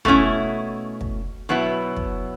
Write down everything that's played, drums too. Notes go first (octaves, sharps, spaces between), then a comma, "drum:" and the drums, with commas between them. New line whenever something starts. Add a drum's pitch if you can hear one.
B2 A3 C#4 E4, drum: kick
drum: kick
B2 F#3 B3 E4
drum: kick